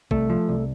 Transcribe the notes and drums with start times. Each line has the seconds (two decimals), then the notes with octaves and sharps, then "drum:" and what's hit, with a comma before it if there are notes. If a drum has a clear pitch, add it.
0.11 C2 A3, drum: kick A#1
0.30 F3
0.49 C2